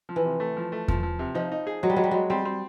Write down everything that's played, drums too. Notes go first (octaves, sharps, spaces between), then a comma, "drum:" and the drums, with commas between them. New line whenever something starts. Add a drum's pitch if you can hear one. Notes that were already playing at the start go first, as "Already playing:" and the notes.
F3
E3
C3
A3
F3
A3
F3, drum: kick E2
F3
C3
F3 D#4
D#4
G#4
F#3 G#3
G3
F#3 G#3
G3
F#3 G#3
G3 C4
C4